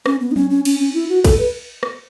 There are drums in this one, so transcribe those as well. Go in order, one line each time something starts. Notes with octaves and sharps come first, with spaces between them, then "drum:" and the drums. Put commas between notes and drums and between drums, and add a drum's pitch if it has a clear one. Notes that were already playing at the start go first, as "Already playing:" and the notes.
C#4, drum: rim click
B3
D#4
C#4, drum: tom F#3
C#4
C#4, drum: cymbal
C#4
E4
F#4
A4, drum: kick, cymbal
B4
drum: rim click